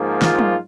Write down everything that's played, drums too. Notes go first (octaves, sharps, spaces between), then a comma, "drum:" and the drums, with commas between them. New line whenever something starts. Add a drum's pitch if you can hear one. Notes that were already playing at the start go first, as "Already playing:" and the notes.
Already playing: G#2 F3 A#3
F4, drum: snare
drum: tom F#3